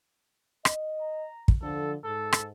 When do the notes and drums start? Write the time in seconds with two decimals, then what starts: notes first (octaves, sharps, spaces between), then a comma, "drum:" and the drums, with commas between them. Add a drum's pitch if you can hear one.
0.65 D#5, drum: rim click
1.01 A#5
1.48 drum: kick
1.62 D3 F3 A4
2.04 G#2 A4
2.33 drum: rim click